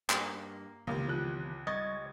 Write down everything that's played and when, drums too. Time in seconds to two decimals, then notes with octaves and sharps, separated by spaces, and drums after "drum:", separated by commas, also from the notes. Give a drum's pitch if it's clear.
0.10 G2 A#3, drum: clap
0.87 C#2 C3 D#3 E3 A#3 B3
1.08 F3 F#6
1.67 G3 D#5 C#6 G#6 A6